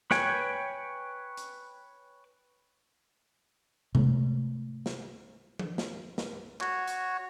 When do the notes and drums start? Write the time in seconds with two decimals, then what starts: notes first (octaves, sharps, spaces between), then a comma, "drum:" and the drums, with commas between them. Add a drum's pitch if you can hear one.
0.11 B4 C#5 G5 G#5, drum: snare
1.37 drum: hi-hat
3.95 C3 G#3 A3, drum: tom G#2
4.86 drum: snare
5.59 drum: tom F3
5.78 drum: snare
6.18 drum: snare
6.61 F#4 C#5, drum: clap
6.88 drum: hi-hat